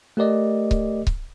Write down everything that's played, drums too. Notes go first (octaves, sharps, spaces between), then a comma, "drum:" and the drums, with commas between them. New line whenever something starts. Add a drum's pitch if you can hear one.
A3 G4 A#4 D5 D#5
drum: kick C#1
drum: kick C#1